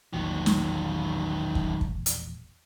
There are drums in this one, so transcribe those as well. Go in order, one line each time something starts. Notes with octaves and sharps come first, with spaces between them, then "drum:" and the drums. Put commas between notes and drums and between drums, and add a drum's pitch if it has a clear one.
E1 A#1 A#2 D#3 F#3
drum: snare
drum: kick
drum: kick
drum: hi-hat